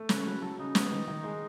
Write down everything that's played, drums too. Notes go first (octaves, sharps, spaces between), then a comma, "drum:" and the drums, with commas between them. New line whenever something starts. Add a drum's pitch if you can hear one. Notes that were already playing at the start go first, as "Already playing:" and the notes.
Already playing: A3
C#3 B4, drum: snare
C#5
F#3 B4
F#3 A4
C#3 D#4
B3, drum: snare
D#3
D#3
G#3